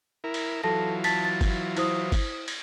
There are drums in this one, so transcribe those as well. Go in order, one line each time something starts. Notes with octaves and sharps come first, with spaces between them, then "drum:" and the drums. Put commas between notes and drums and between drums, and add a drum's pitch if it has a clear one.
E4 A#4
drum: cymbal
E3 F#3 F4 A4 A5 A#6
A5 A6 B6, drum: cymbal
A6
drum: kick G1, cymbal
E4 C5 D#6, drum: cymbal
drum: kick G1, cymbal
drum: cymbal